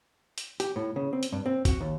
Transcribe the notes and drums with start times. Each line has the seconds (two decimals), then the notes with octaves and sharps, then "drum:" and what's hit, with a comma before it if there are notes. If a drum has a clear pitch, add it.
0.38 drum: hi-hat
0.60 G4, drum: hi-hat
0.76 A2
0.96 C#3
1.13 C4
1.23 drum: hi-hat
1.32 G2
1.46 C4
1.65 F#4, drum: kick G1, hi-hat
1.80 D#2